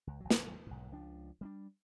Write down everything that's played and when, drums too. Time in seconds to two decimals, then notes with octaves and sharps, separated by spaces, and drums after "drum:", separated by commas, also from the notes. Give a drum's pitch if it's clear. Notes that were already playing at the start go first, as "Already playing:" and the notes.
0.07 C#2
0.20 G#1 F#3
0.30 drum: snare
0.67 B1 G#2
0.92 C#2 F3 D4
1.41 G3 B3 D4